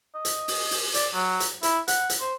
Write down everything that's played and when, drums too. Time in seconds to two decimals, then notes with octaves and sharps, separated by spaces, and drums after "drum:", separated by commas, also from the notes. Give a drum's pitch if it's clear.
0.14 D#5
0.25 drum: hi-hat
0.48 drum: open hi-hat
0.71 drum: open hi-hat
0.94 D5, drum: hi-hat
1.14 F#3
1.40 drum: hi-hat
1.63 E4, drum: hi-hat
1.88 F#5, drum: hi-hat
2.10 drum: hi-hat
2.20 C5